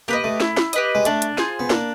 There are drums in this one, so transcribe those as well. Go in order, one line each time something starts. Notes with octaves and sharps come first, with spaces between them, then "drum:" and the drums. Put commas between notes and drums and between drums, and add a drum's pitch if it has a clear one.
A#3 G4 B4 D#5
A3
E4, drum: snare
drum: snare
G4 B4 D#5, drum: hi-hat
G#3
A3 D4, drum: hi-hat
drum: hi-hat
F4 G#4 C5, drum: snare
B3
A#3 D4, drum: snare